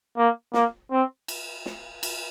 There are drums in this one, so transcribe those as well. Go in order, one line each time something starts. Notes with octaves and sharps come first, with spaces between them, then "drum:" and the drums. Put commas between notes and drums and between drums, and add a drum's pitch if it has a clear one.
A#3
A#3, drum: snare
C4
drum: cymbal
drum: snare
drum: cymbal